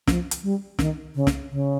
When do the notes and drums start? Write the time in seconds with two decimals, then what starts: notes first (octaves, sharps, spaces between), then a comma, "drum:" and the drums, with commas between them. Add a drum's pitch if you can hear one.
0.07 F3, drum: snare
0.31 drum: hi-hat
0.43 G3
0.79 D#3, drum: snare
1.15 C#3
1.27 drum: snare
1.50 C#3